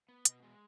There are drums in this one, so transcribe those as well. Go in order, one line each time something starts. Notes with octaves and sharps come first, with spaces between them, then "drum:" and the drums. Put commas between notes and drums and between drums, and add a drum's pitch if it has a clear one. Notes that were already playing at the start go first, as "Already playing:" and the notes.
B3
B2, drum: hi-hat
G#3